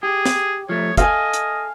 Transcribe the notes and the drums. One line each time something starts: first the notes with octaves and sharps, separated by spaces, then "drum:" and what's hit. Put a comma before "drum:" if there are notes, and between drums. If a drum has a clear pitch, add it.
G4 G#4
drum: snare
F3 A3 C#5
A4 D#5 F5 G#5, drum: kick, hi-hat
drum: hi-hat